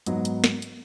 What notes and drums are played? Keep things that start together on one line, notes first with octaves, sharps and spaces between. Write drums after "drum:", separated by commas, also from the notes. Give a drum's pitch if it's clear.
G#2 F#3 B3 D#4, drum: hi-hat
drum: hi-hat
drum: snare
drum: hi-hat